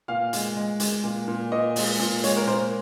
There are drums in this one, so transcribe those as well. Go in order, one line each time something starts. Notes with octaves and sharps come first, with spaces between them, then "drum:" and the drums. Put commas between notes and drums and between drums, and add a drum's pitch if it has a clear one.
A#2 F5
G#3, drum: hi-hat
G#3
G#3, drum: hi-hat
A#2
A#2
A#2 D#5
G#3, drum: open hi-hat
A#2
G#3 C#5, drum: hi-hat
A#4
A#2 C5